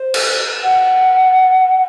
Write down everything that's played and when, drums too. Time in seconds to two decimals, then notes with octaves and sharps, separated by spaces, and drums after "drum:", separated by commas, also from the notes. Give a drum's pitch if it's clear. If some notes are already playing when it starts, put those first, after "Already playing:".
Already playing: C5
0.14 drum: cymbal
0.62 F#5